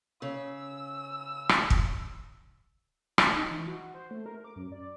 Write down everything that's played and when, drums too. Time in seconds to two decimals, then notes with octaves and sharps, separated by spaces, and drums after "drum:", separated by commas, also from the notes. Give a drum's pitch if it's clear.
0.22 C#3 E6
1.49 drum: rim click
1.70 drum: kick
3.18 drum: rim click
3.36 D#4
3.51 E3
3.67 F#4
3.94 C5
4.11 A3
4.26 A#4
4.44 D6
4.56 F#2
4.72 D5